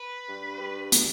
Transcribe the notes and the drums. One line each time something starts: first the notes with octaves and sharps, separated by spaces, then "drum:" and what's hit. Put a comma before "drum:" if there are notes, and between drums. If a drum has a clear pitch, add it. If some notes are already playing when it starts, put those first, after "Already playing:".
Already playing: B4
G2
G2
drum: hi-hat